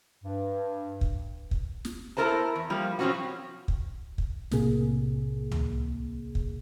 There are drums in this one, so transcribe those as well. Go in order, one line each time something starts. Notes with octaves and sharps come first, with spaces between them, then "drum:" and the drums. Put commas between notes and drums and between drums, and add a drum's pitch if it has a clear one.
G2
drum: kick
drum: kick
drum: snare
B3 E4 A4 A#4 C5 A5
E2
F3 G3 A#3
B2 F3 F#3 C4 C#4 F#4
drum: kick
drum: kick
B1 A2 C3 A#3 G#4, drum: snare
drum: tom C#2
drum: kick